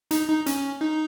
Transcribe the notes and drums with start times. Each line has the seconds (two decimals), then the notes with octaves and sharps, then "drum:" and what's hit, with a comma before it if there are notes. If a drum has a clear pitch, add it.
0.11 D#4, drum: hi-hat
0.29 D#4
0.46 C#4, drum: hi-hat
0.81 D#4